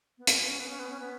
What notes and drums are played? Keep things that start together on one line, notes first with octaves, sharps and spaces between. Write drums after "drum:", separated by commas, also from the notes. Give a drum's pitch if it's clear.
B3
C#4, drum: hi-hat
B3
C#4
B3
C#4
B3
C#4
B3